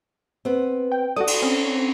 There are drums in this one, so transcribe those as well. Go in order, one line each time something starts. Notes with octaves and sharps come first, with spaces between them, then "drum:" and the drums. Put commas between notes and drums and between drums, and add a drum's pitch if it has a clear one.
B3 C4
G5
F#4 A4 D5 D#6
drum: cymbal
C4 C#4